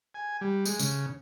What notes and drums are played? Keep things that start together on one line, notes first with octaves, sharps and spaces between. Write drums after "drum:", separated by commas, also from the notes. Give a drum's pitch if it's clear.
G#5
G3
G#3, drum: tambourine
C#3, drum: tambourine